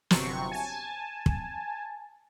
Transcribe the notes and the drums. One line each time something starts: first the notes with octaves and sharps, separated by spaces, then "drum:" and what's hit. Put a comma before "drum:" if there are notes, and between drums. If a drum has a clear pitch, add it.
G1 C3 F#3 C4 C#6, drum: snare
G#5 A5
drum: kick